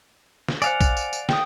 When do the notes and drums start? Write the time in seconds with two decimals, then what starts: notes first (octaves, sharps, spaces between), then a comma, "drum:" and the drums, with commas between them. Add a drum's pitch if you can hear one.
0.48 drum: snare
0.62 C5 D5 F5 F#5 G#5, drum: tambourine
0.81 drum: kick A#1, tambourine
0.97 drum: tambourine
1.13 drum: tambourine
1.29 G5 D#6, drum: snare